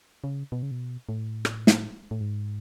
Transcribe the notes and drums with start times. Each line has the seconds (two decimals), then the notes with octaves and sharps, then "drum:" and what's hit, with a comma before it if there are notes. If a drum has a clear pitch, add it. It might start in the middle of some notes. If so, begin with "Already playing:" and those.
0.24 C#3
0.52 B2
0.63 C#3
0.71 B2
1.09 A2
1.45 drum: rim click
1.67 drum: snare
2.11 A2
2.21 G#2